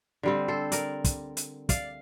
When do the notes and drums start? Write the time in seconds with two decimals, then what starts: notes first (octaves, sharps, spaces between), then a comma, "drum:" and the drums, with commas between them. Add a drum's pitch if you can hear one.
0.23 D3 G3 C4
0.48 A4 C5
0.72 A#4 D5, drum: hi-hat
1.04 drum: kick, hi-hat
1.37 drum: hi-hat
1.69 D5 F5, drum: kick, hi-hat